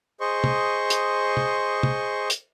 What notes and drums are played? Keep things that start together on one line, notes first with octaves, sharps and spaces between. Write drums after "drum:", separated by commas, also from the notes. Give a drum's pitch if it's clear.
G#4 C5 D#5 C6 C#6
drum: tom
drum: hi-hat
drum: tom
drum: tom
drum: hi-hat